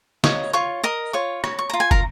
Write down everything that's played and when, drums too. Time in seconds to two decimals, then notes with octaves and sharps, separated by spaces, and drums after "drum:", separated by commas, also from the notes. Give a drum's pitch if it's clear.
0.24 C#5 D#5 D#6, drum: snare
0.53 F4 C#5 C#6
0.84 A#4 D#5 D#6
1.13 F4 C#5 C#6
1.44 C#5, drum: rim click
1.59 C#6
1.70 F4 A#5
1.80 G#5
1.91 A#4 A#5, drum: kick